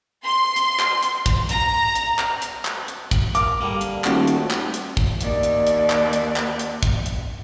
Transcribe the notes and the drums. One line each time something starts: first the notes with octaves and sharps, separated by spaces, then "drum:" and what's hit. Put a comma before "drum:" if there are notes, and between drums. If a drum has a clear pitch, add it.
C6
drum: hi-hat
drum: clap
drum: hi-hat
drum: kick, hi-hat
A#5, drum: hi-hat
drum: hi-hat
drum: clap
drum: hi-hat
drum: clap
drum: hi-hat
drum: kick, hi-hat
A#4 D6, drum: hi-hat
D3 G3 A#3
drum: hi-hat
D#1 A3 F#4 G5, drum: clap
drum: hi-hat
drum: clap
drum: hi-hat
drum: kick
D#2 D5, drum: hi-hat
drum: hi-hat
drum: hi-hat
drum: clap
drum: hi-hat
drum: clap
drum: hi-hat
drum: kick, hi-hat
drum: hi-hat